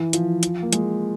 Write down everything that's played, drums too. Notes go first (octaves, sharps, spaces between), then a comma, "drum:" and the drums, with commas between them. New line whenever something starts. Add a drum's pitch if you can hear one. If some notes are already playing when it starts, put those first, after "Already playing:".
Already playing: E3
F3, drum: hi-hat
drum: hi-hat
A#3
G#3, drum: hi-hat